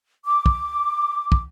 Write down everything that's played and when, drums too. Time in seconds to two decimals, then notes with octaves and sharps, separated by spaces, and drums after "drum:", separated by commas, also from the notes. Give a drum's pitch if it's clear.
0.24 D6
0.46 drum: kick
1.32 drum: kick